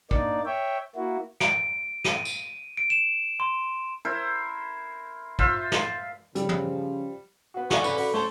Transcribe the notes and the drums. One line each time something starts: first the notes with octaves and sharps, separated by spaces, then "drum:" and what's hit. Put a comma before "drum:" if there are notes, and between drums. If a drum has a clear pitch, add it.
A#3 D4 D#4 D5, drum: kick
C#5 E5 G5
A#3 E4 F#4
D7, drum: snare
D#7, drum: snare
drum: tambourine
D7
E7
C6
E4 A#4 C5
F4 C5 E5, drum: kick
drum: snare
C#3 F3 G3, drum: hi-hat
drum: tom
B3 F#4
D3 F#5 G#5 C#6, drum: snare
A1 C#3 C#4 B4, drum: tambourine
F#4 B4 F#5, drum: open hi-hat
A3 A4 C5 C#5 A5